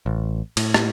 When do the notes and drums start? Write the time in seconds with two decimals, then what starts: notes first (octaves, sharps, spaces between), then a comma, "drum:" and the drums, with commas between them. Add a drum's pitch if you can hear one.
0.06 A1
0.57 A2, drum: cymbal
0.74 drum: rim click